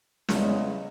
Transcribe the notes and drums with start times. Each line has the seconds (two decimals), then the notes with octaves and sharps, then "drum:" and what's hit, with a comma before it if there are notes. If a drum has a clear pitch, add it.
0.29 E2 C#3 G#3, drum: snare